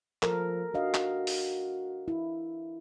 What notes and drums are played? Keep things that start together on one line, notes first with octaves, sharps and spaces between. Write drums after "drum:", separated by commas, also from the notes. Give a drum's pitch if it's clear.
F3 A4 A#4, drum: clap
D4 F#4 D#5 F5
drum: clap
drum: open hi-hat
E4